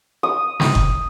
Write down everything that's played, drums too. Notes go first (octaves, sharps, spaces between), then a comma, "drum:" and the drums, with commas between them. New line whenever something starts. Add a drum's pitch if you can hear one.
D#6
drum: snare
drum: kick F#1